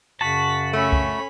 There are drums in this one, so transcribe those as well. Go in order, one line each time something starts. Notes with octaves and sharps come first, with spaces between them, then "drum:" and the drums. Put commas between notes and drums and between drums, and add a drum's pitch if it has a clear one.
F#2 C#3 F#4 A5 B6
A3 C#4 B5
drum: kick